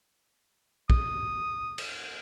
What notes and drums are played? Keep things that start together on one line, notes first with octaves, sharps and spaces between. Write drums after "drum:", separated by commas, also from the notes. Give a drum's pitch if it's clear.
D#6, drum: kick A#1
drum: cymbal